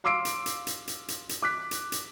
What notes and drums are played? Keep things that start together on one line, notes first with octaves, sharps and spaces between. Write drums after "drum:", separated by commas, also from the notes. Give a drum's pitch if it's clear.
F5 C6 D6 E6 C7 D7
drum: hi-hat
drum: hi-hat
drum: hi-hat
drum: hi-hat
drum: hi-hat
drum: hi-hat
D6 F#6 B6
drum: hi-hat
drum: hi-hat